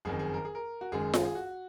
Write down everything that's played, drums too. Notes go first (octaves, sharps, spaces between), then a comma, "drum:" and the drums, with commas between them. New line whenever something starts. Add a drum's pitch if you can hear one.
F#1 F2 D#3 G#4
G#4
A#4
G#4
A#4
F#4
F#1 F#2 D#3 G#3 G#4
drum: snare F4
G#4
F#4